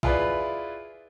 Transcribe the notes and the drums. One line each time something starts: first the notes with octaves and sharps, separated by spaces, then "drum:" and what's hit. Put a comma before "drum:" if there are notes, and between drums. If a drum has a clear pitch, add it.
E4 F4 G#4 B4 D5, drum: kick